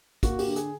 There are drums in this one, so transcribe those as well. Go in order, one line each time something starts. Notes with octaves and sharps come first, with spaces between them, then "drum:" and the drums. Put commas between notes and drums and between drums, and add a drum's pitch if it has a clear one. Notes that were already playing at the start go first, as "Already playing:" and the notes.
A#3 F#4, drum: kick, hi-hat
G4, drum: open hi-hat
D3
G#4, drum: hi-hat